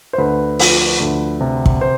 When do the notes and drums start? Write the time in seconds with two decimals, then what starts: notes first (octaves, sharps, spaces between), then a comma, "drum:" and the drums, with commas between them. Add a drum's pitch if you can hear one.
0.13 C5
0.18 D2 B4
0.59 F3, drum: open hi-hat
1.00 D2
1.41 C3
1.66 drum: kick
1.81 C5